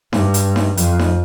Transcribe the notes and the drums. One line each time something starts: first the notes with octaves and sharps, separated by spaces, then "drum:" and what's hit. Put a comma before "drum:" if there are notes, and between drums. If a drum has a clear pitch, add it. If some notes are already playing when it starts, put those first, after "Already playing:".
G2, drum: snare D#4
drum: hi-hat
drum: snare D#4
F2, drum: hi-hat
drum: snare D#4